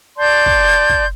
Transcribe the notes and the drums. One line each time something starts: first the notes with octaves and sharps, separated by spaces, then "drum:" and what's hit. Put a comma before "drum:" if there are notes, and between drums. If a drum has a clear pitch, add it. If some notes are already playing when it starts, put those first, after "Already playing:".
D5 A5 C6 G6
drum: kick
drum: kick